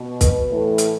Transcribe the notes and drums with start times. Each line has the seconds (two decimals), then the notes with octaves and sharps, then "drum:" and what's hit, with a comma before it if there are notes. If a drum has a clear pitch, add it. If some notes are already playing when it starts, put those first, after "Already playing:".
Already playing: B2
0.21 B4, drum: kick, hi-hat
0.50 A2 E3
0.78 drum: hi-hat